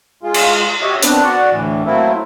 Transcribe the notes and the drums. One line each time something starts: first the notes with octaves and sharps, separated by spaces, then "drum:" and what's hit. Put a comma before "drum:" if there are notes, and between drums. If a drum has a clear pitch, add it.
G#3 F4
drum: cymbal
F#4 G4 C#5 D#5 E5
D#3 B3 C4 D4 B4 F#6, drum: hi-hat
F#4 D5 F#5
D2 A2 E3
F#3 A3 A#3 C4 E4